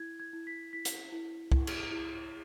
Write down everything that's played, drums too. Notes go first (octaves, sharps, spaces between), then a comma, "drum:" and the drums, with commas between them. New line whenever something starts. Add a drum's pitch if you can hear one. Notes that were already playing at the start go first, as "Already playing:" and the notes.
Already playing: E4 G#6
G#6
E4
B6
E4 B6
drum: hi-hat
E4
E4, drum: kick C2
drum: cymbal
E4